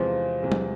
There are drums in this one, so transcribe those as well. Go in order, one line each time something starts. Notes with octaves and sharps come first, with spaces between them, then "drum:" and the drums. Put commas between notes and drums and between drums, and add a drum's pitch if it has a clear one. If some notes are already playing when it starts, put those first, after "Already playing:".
Already playing: E2 C3 E3 F3 G#3
E2 C3 E3 G#3
drum: tom F#3